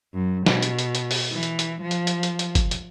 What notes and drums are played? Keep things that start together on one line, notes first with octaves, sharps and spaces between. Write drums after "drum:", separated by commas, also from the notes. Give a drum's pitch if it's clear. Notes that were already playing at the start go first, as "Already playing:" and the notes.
F#2
B2, drum: snare
drum: hi-hat
drum: hi-hat
drum: hi-hat
drum: open hi-hat
E3
drum: hi-hat
drum: hi-hat
F3
drum: hi-hat
drum: hi-hat
drum: hi-hat
drum: hi-hat
drum: kick, hi-hat
drum: hi-hat